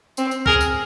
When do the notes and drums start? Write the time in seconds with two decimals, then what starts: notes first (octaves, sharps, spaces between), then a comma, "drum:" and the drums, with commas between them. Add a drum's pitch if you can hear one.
0.17 C4, drum: tambourine
0.31 drum: tambourine
0.46 G#4 A#4, drum: kick C2
0.61 drum: tambourine